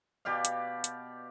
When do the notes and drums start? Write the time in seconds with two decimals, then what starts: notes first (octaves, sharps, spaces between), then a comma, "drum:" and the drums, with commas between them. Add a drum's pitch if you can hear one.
0.25 B2 G4 D5 F5
0.45 drum: hi-hat
0.84 drum: hi-hat